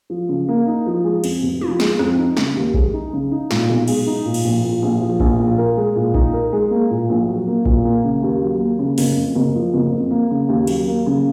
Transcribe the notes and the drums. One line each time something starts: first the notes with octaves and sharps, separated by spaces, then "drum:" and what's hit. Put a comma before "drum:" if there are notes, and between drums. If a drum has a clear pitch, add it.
F3
C#3
A#3
D#4
F3
G#3
F2, drum: cymbal
F1
F3, drum: tom
G#3, drum: snare
F2, drum: rim click
D#4
C#3, drum: snare
D#2
G#3, drum: kick A#1
D#4
C#3
D#4
A#2, drum: snare
B1
G#3, drum: cymbal
D#4
A#2
drum: cymbal
A#1
A#2
A#1
F3
A#1, drum: kick A#1
A#2
A#4
G#3
A#2
D#4, drum: kick A#1
A#4
G#3
A#3
A#2
A#1
F#3
A#3
A#2, drum: kick A#1
A#3
C#3
D#2
F#3
A#3
C#3
F#1, drum: open hi-hat
F2
F#1
F3
F#1
F2
A#3
C#3
D#2
F#3, drum: cymbal
A#3
C#3